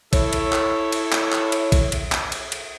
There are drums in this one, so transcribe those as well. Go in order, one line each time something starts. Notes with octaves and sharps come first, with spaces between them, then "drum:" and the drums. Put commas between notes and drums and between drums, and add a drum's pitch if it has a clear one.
E4 A4 C#5, drum: kick A#1, cymbal
drum: cymbal
drum: clap
drum: cymbal
drum: clap
drum: clap
drum: cymbal
drum: kick A#1, cymbal
drum: cymbal
drum: clap
drum: cymbal
drum: cymbal